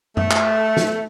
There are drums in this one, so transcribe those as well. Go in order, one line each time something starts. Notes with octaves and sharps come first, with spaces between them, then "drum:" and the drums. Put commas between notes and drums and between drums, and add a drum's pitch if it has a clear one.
A3, drum: tom F#2
drum: clap
drum: snare